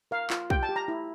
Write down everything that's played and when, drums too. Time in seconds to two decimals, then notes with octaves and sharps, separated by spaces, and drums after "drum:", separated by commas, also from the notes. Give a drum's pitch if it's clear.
0.11 A#4 F5
0.30 F4, drum: clap
0.50 G4 G5, drum: kick
0.63 A5
0.69 G4
0.76 A#5
0.88 E4